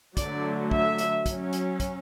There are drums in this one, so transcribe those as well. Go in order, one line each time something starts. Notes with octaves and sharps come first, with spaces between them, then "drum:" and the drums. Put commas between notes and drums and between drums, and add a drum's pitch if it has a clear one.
D3 F#3 A3 D5, drum: kick, hi-hat
E5, drum: kick
drum: hi-hat
F#3 C#4, drum: kick, hi-hat
drum: hi-hat
drum: kick, hi-hat